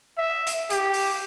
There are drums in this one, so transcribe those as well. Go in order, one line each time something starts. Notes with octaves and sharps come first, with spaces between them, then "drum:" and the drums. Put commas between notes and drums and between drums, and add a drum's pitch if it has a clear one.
E5
drum: hi-hat
G4, drum: hi-hat
drum: open hi-hat